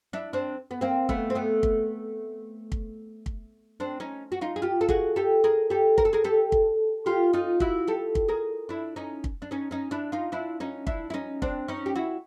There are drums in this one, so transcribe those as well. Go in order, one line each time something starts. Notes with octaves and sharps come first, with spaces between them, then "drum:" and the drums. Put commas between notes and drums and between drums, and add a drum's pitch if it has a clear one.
D4 E4
C4 D4
B3
A#3 C4
A3 B3, drum: kick
C4
A3 B3
drum: kick
drum: kick
drum: kick
C4 D4
C#4 D#4
F#4
D#4 F4
G#4
F4 G4
A4
F#4 G#4, drum: kick
G4 A4
G#4 A#4
G4 A4
A#4, drum: kick
A4
G#4 A#4
G4 A4
drum: kick
F4 G4
D#4 F4
E4 F#4, drum: kick
G4 A4
drum: kick
G#4 A#4
D4 E4
C#4 D#4
drum: kick
D4
C#4 D#4
C#4 D#4
D4 E4
D#4 F4
D4 E4
C#4 D#4
D4 E4, drum: kick
E4
C#4 D#4
C4 D4, drum: kick
C#4 D#4
G4
E4 F#4